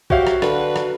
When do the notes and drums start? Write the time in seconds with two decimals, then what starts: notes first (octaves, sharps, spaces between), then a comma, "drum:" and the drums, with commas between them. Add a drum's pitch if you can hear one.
0.10 F#4 G4 C5 C#5 E5 F5, drum: kick A#1
0.27 drum: rim click
0.42 D3 B4, drum: rim click
0.76 drum: rim click